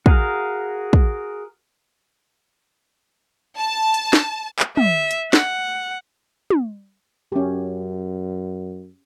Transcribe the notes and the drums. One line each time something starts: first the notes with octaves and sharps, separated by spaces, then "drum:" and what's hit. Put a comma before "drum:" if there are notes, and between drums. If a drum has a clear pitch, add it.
F#4 G#4 A#4 F5, drum: kick
drum: kick
A5
drum: hi-hat
drum: snare
drum: clap
E5, drum: tom
drum: hi-hat
F#5, drum: snare
drum: tom
F#2 C#4 G4